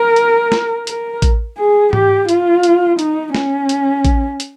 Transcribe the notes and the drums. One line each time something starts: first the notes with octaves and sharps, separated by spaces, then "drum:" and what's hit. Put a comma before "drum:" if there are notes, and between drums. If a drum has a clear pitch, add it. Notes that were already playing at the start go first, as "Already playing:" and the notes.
Already playing: A#4
drum: hi-hat
drum: snare
A#4, drum: hi-hat
drum: kick A1, hi-hat
G#4
G4, drum: tom G#2
F4, drum: hi-hat
drum: hi-hat
D#4, drum: hi-hat
C#4, drum: snare
drum: hi-hat
drum: kick A1, hi-hat
drum: hi-hat